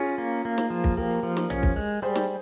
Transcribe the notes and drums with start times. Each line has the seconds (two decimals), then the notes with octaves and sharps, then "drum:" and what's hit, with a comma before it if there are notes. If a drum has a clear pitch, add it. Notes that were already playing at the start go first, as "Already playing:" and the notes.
Already playing: C#4 F4 G#4
0.18 A#3
0.45 A#3
0.58 drum: snare
0.70 F3
0.84 drum: kick
0.97 A#3 G4 A#4
1.23 F3
1.37 drum: snare
1.50 C#4, drum: tom A#1
1.63 drum: kick
1.76 G#3
2.02 G3 G#4 C5
2.16 drum: snare